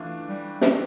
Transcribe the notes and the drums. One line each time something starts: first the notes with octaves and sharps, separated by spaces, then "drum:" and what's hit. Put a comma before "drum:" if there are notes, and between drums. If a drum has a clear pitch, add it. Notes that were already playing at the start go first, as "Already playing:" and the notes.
Already playing: E3 A3 D4 F4
G3
drum: snare